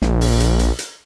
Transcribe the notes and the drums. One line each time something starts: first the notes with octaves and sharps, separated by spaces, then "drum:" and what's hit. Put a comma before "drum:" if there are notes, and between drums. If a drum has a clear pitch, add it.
A#1, drum: snare
drum: open hi-hat
drum: hi-hat
drum: hi-hat
drum: hi-hat